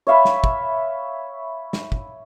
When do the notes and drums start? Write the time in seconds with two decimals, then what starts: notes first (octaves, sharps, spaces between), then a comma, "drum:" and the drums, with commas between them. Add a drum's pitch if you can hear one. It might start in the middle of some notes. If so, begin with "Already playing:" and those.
0.07 C#5 E5 F5 B5
0.25 drum: snare
0.44 drum: kick
1.73 drum: snare
1.92 drum: kick